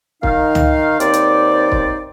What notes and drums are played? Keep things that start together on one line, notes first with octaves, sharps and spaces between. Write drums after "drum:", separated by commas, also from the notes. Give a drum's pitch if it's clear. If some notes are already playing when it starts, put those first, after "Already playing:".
D#3 D#4 F5, drum: kick
drum: tom
D#2 C4 D#4 C5 D5, drum: hi-hat
drum: hi-hat
drum: kick